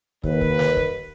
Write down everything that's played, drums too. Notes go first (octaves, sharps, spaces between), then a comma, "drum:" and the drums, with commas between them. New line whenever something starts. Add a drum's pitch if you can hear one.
D#2 B4, drum: kick
drum: kick
drum: snare
drum: kick